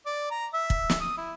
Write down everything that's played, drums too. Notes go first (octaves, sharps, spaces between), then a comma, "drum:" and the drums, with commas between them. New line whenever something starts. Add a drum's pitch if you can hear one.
D5
A#5
E5
drum: kick
drum: snare
D#6
E4